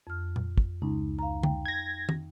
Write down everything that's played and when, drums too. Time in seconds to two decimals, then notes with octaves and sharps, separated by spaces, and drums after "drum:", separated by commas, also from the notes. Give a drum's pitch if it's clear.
0.07 F2 F6
0.36 drum: tom A#2
0.58 drum: kick
0.82 C#2 D#4
1.19 F5 A#5
1.43 G5, drum: tom
1.66 G#6 A#6
2.09 drum: tom